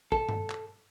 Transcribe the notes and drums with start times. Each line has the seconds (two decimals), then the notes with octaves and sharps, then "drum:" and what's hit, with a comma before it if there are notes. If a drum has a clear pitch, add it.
0.12 A4, drum: kick
0.29 drum: tom G2
0.50 drum: clap